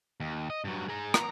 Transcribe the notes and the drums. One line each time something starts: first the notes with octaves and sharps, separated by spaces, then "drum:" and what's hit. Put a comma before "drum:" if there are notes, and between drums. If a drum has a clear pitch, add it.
D#2
D#5
G2 F#3
G#4 A#5
A#5, drum: rim click